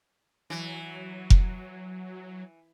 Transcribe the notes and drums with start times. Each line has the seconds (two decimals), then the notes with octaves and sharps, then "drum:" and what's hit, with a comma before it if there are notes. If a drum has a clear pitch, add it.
0.50 E3 F#3
1.30 drum: kick F1